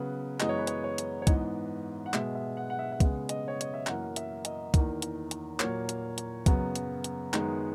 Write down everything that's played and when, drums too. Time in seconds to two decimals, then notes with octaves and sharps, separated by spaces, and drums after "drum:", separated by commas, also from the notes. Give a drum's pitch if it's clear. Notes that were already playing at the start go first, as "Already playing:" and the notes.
Already playing: C#3 F#3 B3 B4
0.40 F#2 E3 G#3 B3 D#5, drum: clap
0.49 C#5
0.58 B4
0.67 C#5, drum: hi-hat
0.84 C#5
0.98 drum: hi-hat
1.22 C#5
1.27 G#2 E3 B3 D#5, drum: kick, hi-hat
2.06 F#5
2.14 B2 G#3 B3 E5, drum: clap
2.35 E5
2.57 F#5
2.70 F#5
2.79 E5
2.92 E5
3.00 C#3 G#3 B3 F#5, drum: kick, hi-hat
3.29 D#5, drum: hi-hat
3.48 C#5
3.61 D#5, drum: hi-hat
3.74 E5
3.87 F#2 E3 A#3 F#5, drum: clap
4.16 E5, drum: hi-hat
4.45 D#5, drum: hi-hat
4.74 E2 D#3 A#3, drum: kick, hi-hat
5.02 drum: hi-hat
5.31 drum: hi-hat
5.60 A#2 F#3 A#3 C#5, drum: clap
5.89 drum: hi-hat
6.18 drum: hi-hat
6.46 F#2 C#3 F#3 B3, drum: kick, hi-hat
6.76 drum: hi-hat
7.04 drum: hi-hat
7.34 F#2 D#3 G#3 B3, drum: clap